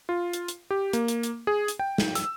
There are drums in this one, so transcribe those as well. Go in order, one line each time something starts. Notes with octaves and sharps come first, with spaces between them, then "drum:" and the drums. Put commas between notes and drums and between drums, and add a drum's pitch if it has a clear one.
F4
drum: hi-hat
drum: hi-hat
G4
A#3, drum: hi-hat
drum: hi-hat
drum: hi-hat
G#4
drum: hi-hat
G5
drum: snare
E6, drum: hi-hat